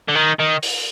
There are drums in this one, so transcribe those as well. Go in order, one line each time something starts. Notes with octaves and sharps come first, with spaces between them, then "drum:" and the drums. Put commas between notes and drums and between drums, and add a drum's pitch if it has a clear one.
D3
D#3
D#3
drum: open hi-hat